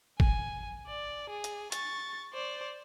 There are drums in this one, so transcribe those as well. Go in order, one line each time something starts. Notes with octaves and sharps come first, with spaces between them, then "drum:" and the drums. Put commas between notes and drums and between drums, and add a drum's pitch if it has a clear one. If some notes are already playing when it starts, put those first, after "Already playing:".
G#5, drum: kick G1
D5
G#4
drum: hi-hat
C#6 A6, drum: hi-hat
C5 D5